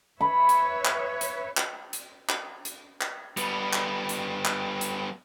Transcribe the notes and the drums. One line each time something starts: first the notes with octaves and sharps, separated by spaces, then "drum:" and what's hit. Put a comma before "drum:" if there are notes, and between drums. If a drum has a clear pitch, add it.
B4 C#5 E5 B5
drum: hi-hat
drum: clap
drum: hi-hat
drum: clap
drum: hi-hat
drum: clap
drum: hi-hat
drum: clap
G3 B3, drum: hi-hat
drum: clap
drum: hi-hat
drum: clap
drum: hi-hat